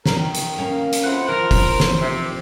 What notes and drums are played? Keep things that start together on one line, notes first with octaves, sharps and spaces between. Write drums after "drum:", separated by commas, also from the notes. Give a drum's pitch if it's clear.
A#4, drum: snare
D#3
drum: hi-hat
A#3 C#4 A#4
drum: hi-hat
F2 E4 C5 F#5
D#3 F3 A#4
drum: kick, open hi-hat
drum: snare
C3